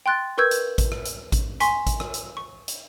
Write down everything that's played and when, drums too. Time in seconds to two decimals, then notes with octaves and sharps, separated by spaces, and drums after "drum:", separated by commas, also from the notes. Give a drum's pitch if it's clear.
0.06 G5 C6 F#6 A6
0.38 A#4 B4 C#6 E6 G6 G#6
0.51 drum: hi-hat
0.78 drum: kick A1, hi-hat
0.92 drum: rim click
1.05 drum: hi-hat
1.32 drum: kick A1, hi-hat
1.60 G#5 C6 C#6 B6, drum: hi-hat
1.87 drum: kick A1, hi-hat
2.00 drum: rim click
2.14 drum: hi-hat
2.37 C#6
2.68 drum: hi-hat